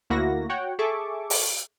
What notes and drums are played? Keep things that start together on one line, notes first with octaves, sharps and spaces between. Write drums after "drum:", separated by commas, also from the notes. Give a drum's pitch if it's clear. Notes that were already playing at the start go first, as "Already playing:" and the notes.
D2 A#3 E4 F#4 A#6
F#4 C#5 F#5 G5
G#4 A4 E5 C#6 D6
drum: open hi-hat